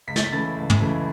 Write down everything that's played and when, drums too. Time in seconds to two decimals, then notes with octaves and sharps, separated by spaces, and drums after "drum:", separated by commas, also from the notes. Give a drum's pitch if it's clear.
0.08 C#2 B6
0.16 A6, drum: snare
0.24 B6
0.33 C#3 E3 A3 E4 A6
0.57 C#2
0.70 drum: tom
0.81 C#3 E3 A3 E4